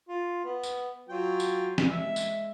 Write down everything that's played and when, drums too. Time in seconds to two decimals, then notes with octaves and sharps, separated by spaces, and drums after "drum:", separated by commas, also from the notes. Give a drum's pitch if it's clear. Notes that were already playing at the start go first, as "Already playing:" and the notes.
0.09 F4
0.44 B3
0.63 drum: tambourine
1.09 F#3 F4 G5
1.40 drum: tambourine
1.78 drum: snare
1.88 G#3 E5
2.16 drum: tambourine